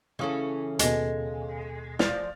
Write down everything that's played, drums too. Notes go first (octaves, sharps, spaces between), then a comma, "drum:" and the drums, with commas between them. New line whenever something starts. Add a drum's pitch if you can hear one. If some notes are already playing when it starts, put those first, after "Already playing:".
C#3 E3 C#4 A4 F5 D#6
D#2 B2 G#3 A4, drum: hi-hat
F3 D5 F6 A6 F7, drum: snare